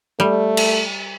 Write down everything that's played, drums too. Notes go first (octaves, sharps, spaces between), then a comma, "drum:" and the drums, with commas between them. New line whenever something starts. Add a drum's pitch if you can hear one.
G3 A3
drum: cymbal